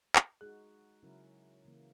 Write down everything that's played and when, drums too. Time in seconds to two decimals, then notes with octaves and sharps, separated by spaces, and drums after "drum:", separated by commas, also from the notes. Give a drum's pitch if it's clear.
0.16 drum: clap
0.41 G#3 D#4 F#4 G#4
1.03 C#3 F#3 C#4 E4 A#4
1.65 C#3 E3 A#3